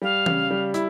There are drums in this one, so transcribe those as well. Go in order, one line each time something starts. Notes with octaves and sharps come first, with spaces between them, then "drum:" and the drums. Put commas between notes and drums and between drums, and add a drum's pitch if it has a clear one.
G3 F5
C#3, drum: tom E3
G3
E4, drum: hi-hat